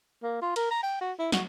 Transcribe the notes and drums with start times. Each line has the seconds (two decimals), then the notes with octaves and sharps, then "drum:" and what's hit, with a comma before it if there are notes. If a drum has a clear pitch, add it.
0.23 A#3
0.42 F4
0.56 A#4, drum: cymbal
0.71 A#5
0.83 G5
1.01 F#4
1.19 E4
1.32 F#4, drum: snare